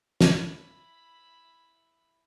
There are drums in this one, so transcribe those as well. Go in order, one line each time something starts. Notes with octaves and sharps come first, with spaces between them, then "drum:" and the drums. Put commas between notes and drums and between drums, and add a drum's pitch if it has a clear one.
E4 B5, drum: snare